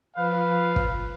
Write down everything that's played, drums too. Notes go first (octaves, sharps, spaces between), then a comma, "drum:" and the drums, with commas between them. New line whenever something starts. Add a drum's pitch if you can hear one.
F3 B4 F5
drum: kick